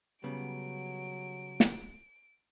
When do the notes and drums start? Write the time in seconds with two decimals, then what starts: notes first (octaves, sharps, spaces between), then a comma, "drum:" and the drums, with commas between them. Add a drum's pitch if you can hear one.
0.24 C#3 F#3 G3 B3 D7
1.60 drum: snare